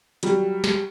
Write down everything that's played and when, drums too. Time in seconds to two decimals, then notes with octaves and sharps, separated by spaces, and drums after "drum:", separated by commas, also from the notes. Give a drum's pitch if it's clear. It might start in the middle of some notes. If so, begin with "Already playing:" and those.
0.23 F#3 G3, drum: hi-hat
0.64 drum: snare